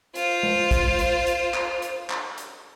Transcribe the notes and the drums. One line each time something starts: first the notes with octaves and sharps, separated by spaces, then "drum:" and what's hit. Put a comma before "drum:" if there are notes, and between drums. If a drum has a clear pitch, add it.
F4 C5, drum: hi-hat
drum: tom G#3
drum: kick, hi-hat
drum: hi-hat
drum: hi-hat
drum: clap
drum: hi-hat
drum: clap
drum: hi-hat